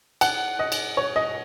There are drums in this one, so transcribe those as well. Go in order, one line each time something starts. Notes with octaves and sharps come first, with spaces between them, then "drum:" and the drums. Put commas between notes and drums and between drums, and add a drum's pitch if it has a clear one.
F#5, drum: cymbal
D#5
drum: cymbal
C#5
D#5